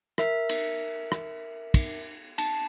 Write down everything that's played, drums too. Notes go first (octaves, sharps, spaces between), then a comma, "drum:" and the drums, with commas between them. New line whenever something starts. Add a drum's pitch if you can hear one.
A#4 E5, drum: rim click
drum: cymbal
drum: rim click
drum: kick, cymbal
A5, drum: cymbal